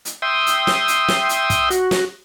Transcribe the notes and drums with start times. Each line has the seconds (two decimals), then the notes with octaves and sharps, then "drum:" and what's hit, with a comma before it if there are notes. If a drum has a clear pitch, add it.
0.05 drum: hi-hat
0.22 E5 G5 C6 D#6
0.46 drum: hi-hat
0.67 drum: snare
0.88 drum: hi-hat
1.08 drum: snare
1.29 drum: hi-hat
1.50 drum: kick, hi-hat
1.70 F#4, drum: hi-hat
1.91 drum: snare